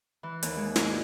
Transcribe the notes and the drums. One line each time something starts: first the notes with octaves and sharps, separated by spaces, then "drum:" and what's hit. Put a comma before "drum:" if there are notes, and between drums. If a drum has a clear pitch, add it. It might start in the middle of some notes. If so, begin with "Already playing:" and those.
E3
D#2, drum: hi-hat
G#3
G#2, drum: snare
D5